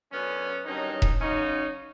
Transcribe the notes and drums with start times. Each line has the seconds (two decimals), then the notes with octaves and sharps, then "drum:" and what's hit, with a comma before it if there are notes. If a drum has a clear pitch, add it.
0.12 F#2 D3 F#3 B3 C#4
0.65 G2 D#3 F#3 C#4 D#4
1.02 drum: kick E1
1.19 F#2 C#3 F#3 C#4 D#4